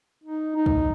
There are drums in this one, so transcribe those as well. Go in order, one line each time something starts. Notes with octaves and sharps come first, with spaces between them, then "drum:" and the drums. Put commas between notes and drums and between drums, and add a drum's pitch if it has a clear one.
D#4
D#4
drum: kick